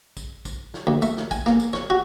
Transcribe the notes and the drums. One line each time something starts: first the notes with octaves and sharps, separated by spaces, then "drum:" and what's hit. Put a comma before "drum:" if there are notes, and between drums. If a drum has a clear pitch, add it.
drum: kick, tambourine
drum: kick, tambourine
drum: snare
D2
A3, drum: tambourine
drum: snare
G#5, drum: kick, tambourine
A#3, drum: snare
drum: tambourine
C#5, drum: snare
F#4